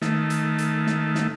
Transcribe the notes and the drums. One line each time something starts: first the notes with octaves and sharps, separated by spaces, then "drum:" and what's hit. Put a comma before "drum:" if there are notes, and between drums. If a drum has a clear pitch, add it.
D#3 A3, drum: snare
drum: hi-hat
drum: hi-hat
drum: snare
drum: snare